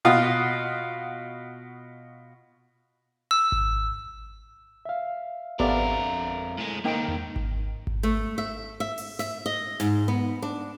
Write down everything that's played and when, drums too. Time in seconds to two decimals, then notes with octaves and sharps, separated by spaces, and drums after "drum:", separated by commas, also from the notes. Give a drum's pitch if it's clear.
0.05 B2 F4 F#4 D#6
3.31 E6
3.52 drum: kick G#1
4.85 E5 F5
5.59 F2 B3 G4 A4 A#4 D5 E5 F5, drum: kick G#1
6.58 A2 G#3
6.85 C#2 D#3 A#3 D#4 G5
7.08 drum: tom E2
7.36 drum: kick G#1
7.87 drum: kick G#1
8.03 A3
8.38 E5
8.80 E5
8.98 drum: open hi-hat
9.19 E5, drum: snare
9.46 D#5
9.80 G#2, drum: snare
10.08 B3
10.42 D4